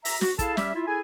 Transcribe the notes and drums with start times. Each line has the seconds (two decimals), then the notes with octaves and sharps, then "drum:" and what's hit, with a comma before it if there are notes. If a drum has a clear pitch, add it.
0.05 E5 A#5, drum: open hi-hat
0.21 F#4, drum: snare
0.39 E4 G#4 A4 F5 A5, drum: kick, hi-hat
0.57 G3 C#4 G4 E5, drum: snare
0.75 E4 F4 E5
0.87 E4 G#4 A4 G#5